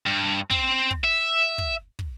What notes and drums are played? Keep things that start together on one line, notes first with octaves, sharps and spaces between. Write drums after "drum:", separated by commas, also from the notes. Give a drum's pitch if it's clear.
G2
C4, drum: kick
drum: kick
E5
drum: kick
drum: kick